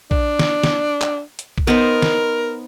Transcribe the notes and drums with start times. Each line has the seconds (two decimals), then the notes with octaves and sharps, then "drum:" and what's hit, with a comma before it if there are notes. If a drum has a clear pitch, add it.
0.11 D4, drum: kick A#1
0.39 drum: snare
0.64 drum: snare
1.02 drum: clap
1.39 drum: hi-hat
1.58 drum: kick A#1
1.67 B3 D#4 A#4 C5
2.02 drum: snare